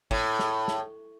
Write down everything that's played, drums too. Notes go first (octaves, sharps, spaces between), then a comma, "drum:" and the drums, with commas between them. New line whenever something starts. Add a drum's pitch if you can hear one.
A2, drum: kick
drum: snare
drum: snare